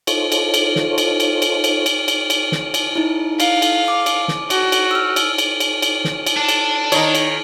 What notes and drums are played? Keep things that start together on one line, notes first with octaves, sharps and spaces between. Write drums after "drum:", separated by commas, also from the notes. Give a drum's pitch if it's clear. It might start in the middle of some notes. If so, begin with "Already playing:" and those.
D#4 F4 A4 C5 C#5, drum: cymbal
drum: cymbal
drum: cymbal
drum: snare
drum: cymbal
drum: cymbal
drum: cymbal
drum: cymbal
drum: cymbal
drum: cymbal
drum: cymbal
drum: snare
drum: cymbal
D#4 E4
F5, drum: cymbal
drum: cymbal
D6
drum: cymbal
drum: snare
F#4, drum: cymbal
drum: cymbal
E6 F6
drum: cymbal
drum: cymbal
drum: cymbal
drum: cymbal
drum: snare
drum: cymbal
D4 A5
drum: cymbal
D#3 D#4 C#5, drum: cymbal
drum: cymbal